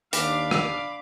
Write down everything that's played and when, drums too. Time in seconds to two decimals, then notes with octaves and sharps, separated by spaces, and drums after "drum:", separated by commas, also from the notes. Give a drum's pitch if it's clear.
0.13 D#2 D4 F5 B5 D6, drum: hi-hat
0.51 drum: rim click